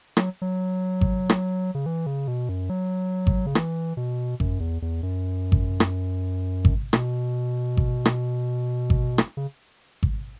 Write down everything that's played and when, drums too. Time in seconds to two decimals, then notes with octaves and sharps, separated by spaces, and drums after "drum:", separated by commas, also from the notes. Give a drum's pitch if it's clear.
0.17 F#3, drum: rim click
0.42 F#3
1.01 drum: kick G#1
1.29 drum: rim click
1.75 C#3
1.86 E3
2.06 C#3
2.28 B2
2.49 F#2
2.70 F#3
3.27 drum: kick G#1
3.46 C#3
3.55 E3, drum: rim click
3.97 B2
4.40 F#2, drum: kick G#1
4.60 E2
4.82 E2
5.03 F#2
5.52 drum: kick G#1
5.80 drum: rim click
6.65 drum: kick G#1
6.93 B2, drum: rim click
7.77 drum: kick G#1
8.05 drum: rim click
8.90 drum: kick G#1
9.18 drum: rim click
9.37 C#3
10.03 drum: kick G#1